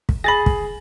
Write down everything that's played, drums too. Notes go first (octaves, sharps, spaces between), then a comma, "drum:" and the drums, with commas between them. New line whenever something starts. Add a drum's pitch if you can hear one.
drum: kick
G#4 B5 A6 A#6 F#7
drum: kick